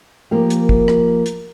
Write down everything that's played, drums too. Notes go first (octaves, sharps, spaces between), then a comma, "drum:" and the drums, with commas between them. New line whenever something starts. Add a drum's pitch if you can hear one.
F3 A#3 G4 A#4
drum: hi-hat
drum: kick
drum: rim click
drum: hi-hat